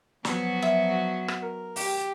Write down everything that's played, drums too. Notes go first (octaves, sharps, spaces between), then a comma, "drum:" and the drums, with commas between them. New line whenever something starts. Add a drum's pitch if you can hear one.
F3 F#3 B3 F#4, drum: snare
E5
drum: rim click
A#4
G4, drum: open hi-hat